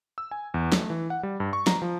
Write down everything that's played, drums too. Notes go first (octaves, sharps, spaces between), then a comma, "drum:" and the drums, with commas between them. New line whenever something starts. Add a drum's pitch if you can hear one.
E6
G#5
E2
A3, drum: snare
E3
F#5
G3
G2
C#6
A#5, drum: snare
F3